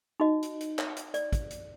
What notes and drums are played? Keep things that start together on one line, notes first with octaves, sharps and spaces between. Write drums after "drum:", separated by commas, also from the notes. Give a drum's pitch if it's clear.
D#4 F#4 D#5
drum: hi-hat
drum: hi-hat
C#5, drum: clap
drum: hi-hat
D5, drum: hi-hat
drum: kick, hi-hat
drum: hi-hat